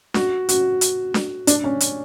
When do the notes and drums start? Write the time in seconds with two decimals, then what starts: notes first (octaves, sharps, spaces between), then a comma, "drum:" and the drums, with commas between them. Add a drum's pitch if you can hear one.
0.14 F#4, drum: snare D4
0.49 F#4, drum: hi-hat
0.81 drum: hi-hat
1.14 drum: snare D4
1.47 D4, drum: hi-hat
1.64 C#4
1.80 drum: hi-hat